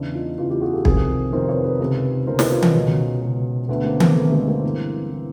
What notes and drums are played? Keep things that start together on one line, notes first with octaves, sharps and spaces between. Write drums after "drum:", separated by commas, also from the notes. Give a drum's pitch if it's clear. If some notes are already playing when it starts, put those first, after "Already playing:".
Already playing: E2 C#3 E3 D4 E4
D#4 F4
E2 C#3 E3 D#4 F4
F4 G4
F#4 G#4
G4 A4
F2 C3 D#3 G#4 A#4, drum: kick
F2 C3 D#3 A#4 C5
B4 C#5
A4 B4
C#2 C3 D#3 A4 B4
C#2 C3 D#3 A#4 C5
A4 B4, drum: snare
D#4 F4
C#4 D#4, drum: tom D#3
C#2 B2
C#2 B2
D2 D3 A3 B3
A#3 C4
A#3 C4, drum: tom D#3
D2 D3 A3 B3
G#3 A#3
A#3 C4
G2 E3
E3